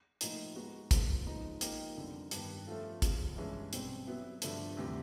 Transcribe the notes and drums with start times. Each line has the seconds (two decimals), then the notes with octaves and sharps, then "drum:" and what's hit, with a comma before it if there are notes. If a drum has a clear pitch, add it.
0.21 A2 F3 A#3 D#4, drum: hi-hat
0.56 G#3 B3 D#4 F#4
0.91 D2 C#3 F3 A#3, drum: kick, hi-hat
1.26 F3 G#3 B3 D#4
1.61 F3 A#3 D#4 G4 A#4, drum: hi-hat
1.96 F2 D3 G3 B3
2.31 G2 D#3 G3 B3, drum: hi-hat
2.67 F3 A3 C#4 F4 A4
3.02 E2 C#3 F3, drum: kick, hi-hat
3.37 G2 E3 G#3 C#4
3.73 B2 G3 C4, drum: hi-hat
4.07 F#3 B3 E4
4.42 G2 D3 F3 A3, drum: hi-hat
4.77 D2 C3 E3 G3